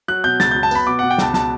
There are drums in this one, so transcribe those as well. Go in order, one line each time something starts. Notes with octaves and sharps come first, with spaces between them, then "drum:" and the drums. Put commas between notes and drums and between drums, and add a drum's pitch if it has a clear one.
F#3 F#6
B2 G6
C#2 A6, drum: snare
F#3 G6
A5
B3 B5, drum: tambourine
B2 D6
B2 F#5
G5
C#2 A5, drum: snare
B2 A5, drum: snare